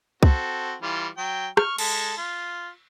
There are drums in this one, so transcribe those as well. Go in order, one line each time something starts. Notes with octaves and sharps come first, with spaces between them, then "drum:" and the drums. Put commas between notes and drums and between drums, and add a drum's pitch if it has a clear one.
C4 F#4 A4, drum: kick C2
E3 G3 F4
F#3 G5
C#6 F6, drum: rim click
G#3 A4, drum: cymbal
F4